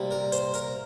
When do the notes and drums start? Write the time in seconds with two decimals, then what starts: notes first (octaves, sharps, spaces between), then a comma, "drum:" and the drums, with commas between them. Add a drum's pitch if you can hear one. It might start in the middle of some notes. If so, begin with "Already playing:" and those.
Already playing: C3 G3 A#3
0.11 A#4
0.32 C5, drum: hi-hat
0.54 A#4, drum: hi-hat